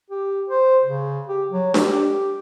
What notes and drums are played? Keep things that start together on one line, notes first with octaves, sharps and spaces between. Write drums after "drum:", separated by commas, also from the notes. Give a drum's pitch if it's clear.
G4
C5
C#3
G4
F#3
G4, drum: snare D4
G4